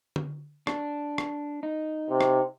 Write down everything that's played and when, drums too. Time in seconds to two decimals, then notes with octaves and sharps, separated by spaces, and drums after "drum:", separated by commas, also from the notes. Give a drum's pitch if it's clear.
0.16 drum: tom
0.67 D4, drum: rim click
1.18 drum: rim click
1.63 D#4
2.10 C3
2.21 drum: rim click